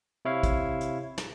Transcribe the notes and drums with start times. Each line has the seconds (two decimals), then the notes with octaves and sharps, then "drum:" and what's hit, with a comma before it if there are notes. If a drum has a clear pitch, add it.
0.25 C3 E4 C#5 F5
0.43 drum: kick, hi-hat
0.81 drum: hi-hat
1.18 drum: snare